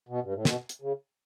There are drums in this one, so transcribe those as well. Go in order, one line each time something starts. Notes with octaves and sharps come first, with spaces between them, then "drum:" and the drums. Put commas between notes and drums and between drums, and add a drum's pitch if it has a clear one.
B2
G2
A2
B2, drum: snare
drum: hi-hat
C#3